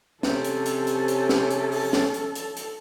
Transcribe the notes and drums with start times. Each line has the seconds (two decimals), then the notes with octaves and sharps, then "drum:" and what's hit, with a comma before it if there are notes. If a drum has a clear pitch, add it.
0.23 C3 C#4 A4, drum: snare
0.45 drum: hi-hat
0.66 drum: hi-hat
0.87 drum: hi-hat
1.08 drum: hi-hat
1.29 drum: snare
1.51 drum: hi-hat
1.72 drum: open hi-hat
1.93 drum: snare
2.14 drum: hi-hat
2.35 drum: hi-hat
2.57 drum: hi-hat